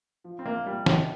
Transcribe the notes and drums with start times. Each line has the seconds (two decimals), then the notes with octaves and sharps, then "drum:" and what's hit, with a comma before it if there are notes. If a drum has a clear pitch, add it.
0.24 F3
0.39 C4
0.45 C2 A#3
0.66 A#2 G3
0.86 C2 D#3, drum: snare